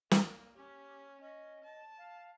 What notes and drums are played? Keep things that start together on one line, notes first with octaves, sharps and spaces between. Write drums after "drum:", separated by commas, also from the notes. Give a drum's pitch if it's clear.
A#3, drum: snare
C#4 G4
C#4 D#5
A5
F5